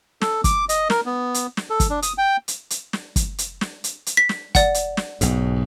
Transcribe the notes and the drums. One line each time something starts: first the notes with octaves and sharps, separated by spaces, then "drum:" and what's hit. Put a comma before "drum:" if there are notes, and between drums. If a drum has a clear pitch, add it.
A4, drum: snare
D6, drum: kick, hi-hat
D#5, drum: hi-hat
A#4, drum: snare
B3
drum: hi-hat
drum: snare
A4
drum: kick, hi-hat
D4
D#6, drum: hi-hat
G5
drum: hi-hat
drum: hi-hat
drum: snare
drum: kick, hi-hat
drum: hi-hat
drum: snare
drum: hi-hat
drum: hi-hat
B6
drum: snare
D5 F#5, drum: kick, hi-hat
drum: hi-hat
drum: snare
B1 G#2, drum: hi-hat